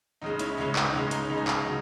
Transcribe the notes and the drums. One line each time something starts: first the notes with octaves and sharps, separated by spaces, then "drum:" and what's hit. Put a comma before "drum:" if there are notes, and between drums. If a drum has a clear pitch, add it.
C#2 C#3 G#3 D#4
C#4 E4, drum: hi-hat
C#2 C#3 G#3 C#4
D#4, drum: clap
C#2 C#3 G#3 C#4
D#4, drum: hi-hat
C#4
C#2 C#3 G#3
D#4
drum: clap
C#3 F#3 D#4